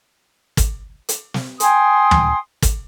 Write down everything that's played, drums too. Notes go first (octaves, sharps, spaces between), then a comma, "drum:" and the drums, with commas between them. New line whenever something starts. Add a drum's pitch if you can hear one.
drum: kick, hi-hat
drum: hi-hat
drum: snare
G5 G#5 C6 D#6, drum: hi-hat
drum: tom
drum: kick, hi-hat